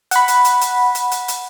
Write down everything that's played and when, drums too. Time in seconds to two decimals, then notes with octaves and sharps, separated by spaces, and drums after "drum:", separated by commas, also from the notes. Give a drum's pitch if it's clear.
0.11 F#5 B5, drum: hi-hat
0.28 drum: hi-hat
0.45 drum: hi-hat
0.61 drum: hi-hat
0.95 drum: hi-hat
1.12 drum: hi-hat
1.28 drum: hi-hat